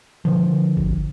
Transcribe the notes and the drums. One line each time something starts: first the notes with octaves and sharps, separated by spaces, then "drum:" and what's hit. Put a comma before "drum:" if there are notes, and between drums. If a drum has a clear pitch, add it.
D3 F3
drum: kick G1